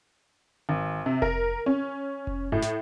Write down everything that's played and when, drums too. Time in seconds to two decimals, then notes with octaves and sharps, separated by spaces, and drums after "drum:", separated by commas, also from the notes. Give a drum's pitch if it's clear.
0.69 G#1
1.06 C3
1.22 A#4, drum: kick F1
1.66 C#4
2.27 drum: kick F1
2.52 A2
2.62 drum: snare